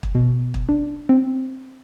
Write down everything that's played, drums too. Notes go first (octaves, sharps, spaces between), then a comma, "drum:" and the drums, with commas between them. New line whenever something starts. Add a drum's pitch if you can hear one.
drum: kick
B2
drum: kick
D4
C4